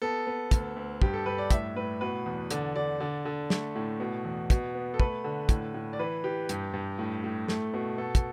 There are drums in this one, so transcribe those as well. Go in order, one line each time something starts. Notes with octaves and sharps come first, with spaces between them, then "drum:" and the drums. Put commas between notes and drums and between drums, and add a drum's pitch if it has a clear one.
B3 A4
B3
D2, drum: kick, hi-hat
D2
G2 G4, drum: kick
A4
G2 B4
D5
A2 E5, drum: kick, hi-hat
A2 B4
B2 B4
E2
D3 D5, drum: hi-hat
D3 D5
D3 D5
D3
A3, drum: snare
A2
B2
E2
B2, drum: kick, hi-hat
B3
A4
A3 B4, drum: kick
D3
A2, drum: kick, hi-hat
A2
D5
E3 B4
E3 G4
G2, drum: hi-hat
G2
A2
A2
A3, drum: snare
B2
B2 A4
drum: kick, hi-hat